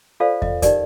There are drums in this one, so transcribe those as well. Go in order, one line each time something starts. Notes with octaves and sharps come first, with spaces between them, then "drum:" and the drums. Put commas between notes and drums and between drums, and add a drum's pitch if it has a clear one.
F4 A4 C5 D5 F5
D#5, drum: kick
D#4 G4 A#4 D5, drum: kick, hi-hat